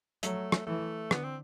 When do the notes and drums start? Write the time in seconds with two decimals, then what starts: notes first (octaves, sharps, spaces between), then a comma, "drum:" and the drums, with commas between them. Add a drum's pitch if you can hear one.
0.23 F#3 A3, drum: hi-hat
0.52 drum: rim click
0.67 E3 A3
1.11 D3 B3, drum: rim click
1.24 C4